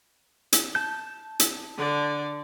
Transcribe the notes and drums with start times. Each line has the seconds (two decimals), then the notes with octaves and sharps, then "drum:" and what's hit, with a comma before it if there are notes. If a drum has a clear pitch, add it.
0.53 drum: hi-hat
0.75 A5 G6
1.40 drum: hi-hat
1.77 D3 D5